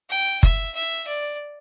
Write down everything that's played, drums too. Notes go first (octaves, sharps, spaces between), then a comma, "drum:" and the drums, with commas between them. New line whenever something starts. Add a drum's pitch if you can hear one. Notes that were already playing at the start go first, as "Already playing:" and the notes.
G5
E5, drum: kick F#1
E5
D5